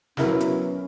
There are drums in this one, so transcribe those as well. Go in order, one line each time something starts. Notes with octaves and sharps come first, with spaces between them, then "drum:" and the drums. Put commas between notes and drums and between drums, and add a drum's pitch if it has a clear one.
F#3 B3 C#4 E4 A#4, drum: snare
drum: hi-hat